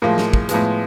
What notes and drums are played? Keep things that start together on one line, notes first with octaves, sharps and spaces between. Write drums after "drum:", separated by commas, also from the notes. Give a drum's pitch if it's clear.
A2 F3 G#3 A#3
drum: snare
drum: kick
A2 F3 G#3 B3, drum: hi-hat